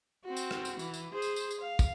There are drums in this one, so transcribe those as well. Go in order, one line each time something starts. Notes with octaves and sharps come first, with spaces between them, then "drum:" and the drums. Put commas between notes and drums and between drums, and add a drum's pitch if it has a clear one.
C4 F#4
drum: tambourine
drum: rim click
drum: tambourine
E3, drum: tambourine
drum: tambourine
G#4 C5
drum: tambourine
drum: tambourine
drum: tambourine
F5
drum: kick, tambourine